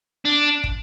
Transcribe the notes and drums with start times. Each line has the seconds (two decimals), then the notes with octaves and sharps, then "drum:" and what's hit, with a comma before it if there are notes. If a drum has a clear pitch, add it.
0.25 D4
0.64 drum: kick